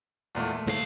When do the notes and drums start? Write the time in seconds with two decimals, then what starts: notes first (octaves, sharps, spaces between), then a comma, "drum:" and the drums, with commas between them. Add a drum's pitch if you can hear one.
0.35 E2 A#2 A3
0.52 A3
0.67 C#2 F5, drum: snare